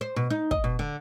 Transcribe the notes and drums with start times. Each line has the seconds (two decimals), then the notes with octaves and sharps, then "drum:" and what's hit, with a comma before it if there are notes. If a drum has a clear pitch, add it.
0.01 C5
0.16 B2
0.30 D#4
0.51 D#5, drum: kick
0.64 B2
0.79 D3